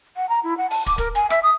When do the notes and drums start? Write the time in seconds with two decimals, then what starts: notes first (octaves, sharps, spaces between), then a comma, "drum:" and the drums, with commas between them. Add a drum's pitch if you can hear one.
0.17 F#5
0.29 A#5
0.44 E4
0.58 F#5
0.70 A5, drum: open hi-hat
0.86 D6, drum: kick, hi-hat
0.98 A#4, drum: kick, hi-hat
1.15 G#5, drum: hi-hat
1.30 E5, drum: rim click
1.43 D#6